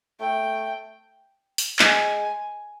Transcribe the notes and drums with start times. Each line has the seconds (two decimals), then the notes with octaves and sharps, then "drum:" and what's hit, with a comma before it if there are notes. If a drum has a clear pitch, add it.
0.20 A3 G5
1.58 drum: open hi-hat
1.79 G#3 G#5, drum: clap